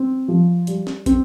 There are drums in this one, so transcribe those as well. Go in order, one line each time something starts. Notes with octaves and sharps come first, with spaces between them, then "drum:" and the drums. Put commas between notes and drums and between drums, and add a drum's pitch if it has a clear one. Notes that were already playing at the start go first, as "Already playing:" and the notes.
Already playing: C4
F3
G3, drum: hi-hat
drum: snare
C4, drum: kick, hi-hat